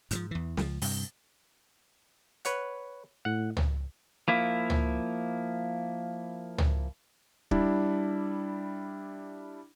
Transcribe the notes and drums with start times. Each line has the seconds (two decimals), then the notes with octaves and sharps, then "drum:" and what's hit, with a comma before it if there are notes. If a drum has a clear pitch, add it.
0.11 G#2 E3 F3, drum: hi-hat
0.31 E2 E3
0.57 C#2 F3, drum: snare
0.82 G2 C3, drum: open hi-hat
2.45 B4 C#5 F#5, drum: hi-hat
3.25 A2 F#5
3.57 drum: tom
4.28 F3 A#3 E4
4.70 drum: tom
6.58 drum: tom
7.51 G3 D4 E4, drum: kick